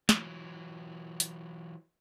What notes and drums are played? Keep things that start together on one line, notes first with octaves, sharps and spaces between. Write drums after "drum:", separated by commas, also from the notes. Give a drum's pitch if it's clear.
E3 F#3, drum: snare
drum: hi-hat